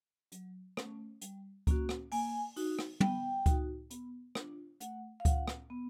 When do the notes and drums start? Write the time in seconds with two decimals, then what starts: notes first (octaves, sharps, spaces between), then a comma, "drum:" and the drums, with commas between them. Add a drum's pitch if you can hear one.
0.32 F#3, drum: hi-hat
0.77 A3 C#4, drum: rim click
1.22 G3, drum: hi-hat
1.67 A#3 C#4 F#4, drum: kick C#2, hi-hat
1.89 drum: rim click
2.12 A#3 G#5, drum: open hi-hat
2.56 D#4 F#4, drum: open hi-hat
2.79 drum: rim click
3.00 B3 G5, drum: tom
3.46 D#4 F#4, drum: kick C#2, hi-hat
3.91 B3, drum: hi-hat
4.35 D4 F4, drum: rim click
4.80 A3 F#5, drum: hi-hat
5.20 F5
5.25 C#4 F4 F#5, drum: kick C#2, hi-hat
5.48 drum: rim click
5.70 B3